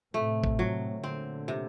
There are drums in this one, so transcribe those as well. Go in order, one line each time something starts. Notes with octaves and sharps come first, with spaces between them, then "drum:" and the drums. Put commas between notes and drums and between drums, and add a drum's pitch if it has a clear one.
A2 C3 A3
drum: kick
F#3
A#2 D3 C4
C3